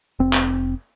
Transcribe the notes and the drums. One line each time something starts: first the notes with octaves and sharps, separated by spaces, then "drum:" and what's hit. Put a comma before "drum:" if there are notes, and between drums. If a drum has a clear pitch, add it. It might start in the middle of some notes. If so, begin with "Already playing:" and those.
F1 C4
drum: clap